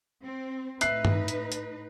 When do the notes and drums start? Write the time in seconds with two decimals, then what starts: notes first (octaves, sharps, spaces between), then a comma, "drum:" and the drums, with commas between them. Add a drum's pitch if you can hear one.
0.23 C4
0.81 A2 D#4 B4 E5 F#6 C7, drum: hi-hat
1.05 drum: tom G2
1.28 drum: hi-hat
1.52 drum: hi-hat